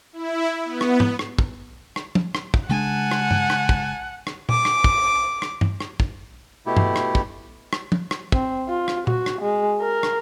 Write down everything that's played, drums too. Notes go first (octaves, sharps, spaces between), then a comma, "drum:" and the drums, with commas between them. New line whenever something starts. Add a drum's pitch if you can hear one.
E4
B3
drum: rim click
drum: tom G#2
drum: rim click
drum: kick
drum: rim click
drum: tom
drum: rim click
drum: kick
C#3 G#3 D4 F#5 G#5 A5
drum: rim click
drum: tom
drum: rim click
drum: kick
drum: rim click
D6, drum: tom
drum: rim click
drum: kick
drum: rim click
drum: tom
drum: rim click
drum: kick
B2 A3 E4 G4
drum: tom
drum: rim click
drum: kick
drum: rim click
drum: tom
drum: rim click
C4, drum: kick
F4
drum: rim click
F#4, drum: tom
drum: rim click
G#3
A#4
drum: rim click